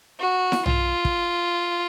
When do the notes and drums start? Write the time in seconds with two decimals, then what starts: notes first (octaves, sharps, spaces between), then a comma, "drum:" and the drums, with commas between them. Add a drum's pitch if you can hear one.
0.20 F#4
0.52 drum: snare E4
0.66 F4, drum: tom
1.05 drum: kick